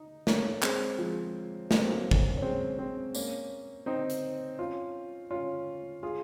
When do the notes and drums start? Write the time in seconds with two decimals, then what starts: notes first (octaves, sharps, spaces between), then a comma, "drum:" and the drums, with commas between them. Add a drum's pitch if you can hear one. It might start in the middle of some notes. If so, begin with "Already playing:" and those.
Already playing: D#4
0.27 A#3 C#4, drum: snare
0.62 G#3 C4, drum: clap
0.99 F3 G#3
1.71 A#3, drum: snare
1.80 C4
1.87 F#3 A#3
2.11 drum: kick
2.37 C#4
2.42 G#3 C4
2.79 G#3 C4
3.15 A#3 C#4, drum: tambourine
3.86 C4 D#4
4.10 drum: hi-hat
4.58 C#4 F4
5.31 C#4 F4
6.03 F4 G#4